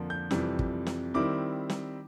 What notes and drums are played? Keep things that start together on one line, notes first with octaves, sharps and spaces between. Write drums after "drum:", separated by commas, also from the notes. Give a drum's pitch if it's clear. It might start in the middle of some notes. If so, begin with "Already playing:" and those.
Already playing: F2 D3 F3 A#3
G6
F2 C3 E3 G3, drum: snare
drum: kick
drum: snare
D#3 G3 C4 E4 D6
drum: snare